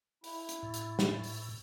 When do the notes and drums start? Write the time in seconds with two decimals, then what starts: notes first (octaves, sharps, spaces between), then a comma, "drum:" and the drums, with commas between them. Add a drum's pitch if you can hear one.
0.24 E4, drum: open hi-hat
0.49 drum: hi-hat
0.63 A2
0.74 drum: hi-hat
0.99 drum: snare
1.24 drum: open hi-hat